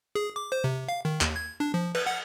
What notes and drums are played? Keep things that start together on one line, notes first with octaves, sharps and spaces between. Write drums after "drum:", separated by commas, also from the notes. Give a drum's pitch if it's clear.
G#4
D6
C5
C3
F5
D#3
D#2, drum: clap
G#6
D4
F3
B4, drum: cymbal
F#5